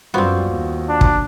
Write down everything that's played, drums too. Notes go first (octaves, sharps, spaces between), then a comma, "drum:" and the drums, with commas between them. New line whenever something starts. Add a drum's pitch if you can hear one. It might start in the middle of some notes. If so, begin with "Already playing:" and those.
F#2 G3 B3 C4 F4 F#4 C5
D#2
D4
drum: kick